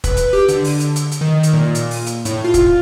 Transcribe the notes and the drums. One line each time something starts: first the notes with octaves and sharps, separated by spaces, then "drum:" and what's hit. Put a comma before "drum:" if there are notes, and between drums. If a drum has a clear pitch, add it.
B4, drum: kick, hi-hat
drum: hi-hat
G4
D3, drum: hi-hat
drum: open hi-hat
drum: hi-hat
drum: hi-hat
drum: hi-hat
D#3
drum: hi-hat
A#2
drum: hi-hat
drum: open hi-hat
drum: hi-hat
A2, drum: hi-hat
F4
drum: kick, hi-hat